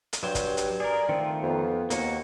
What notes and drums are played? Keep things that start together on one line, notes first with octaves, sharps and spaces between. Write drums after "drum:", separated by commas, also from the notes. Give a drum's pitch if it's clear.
drum: hi-hat
G2 F#3 G4 C5
drum: kick, hi-hat
drum: hi-hat
G#4 A#4 D5
D#3 A3 C4 F4
F2 B3
D#2 A#3 F#4, drum: hi-hat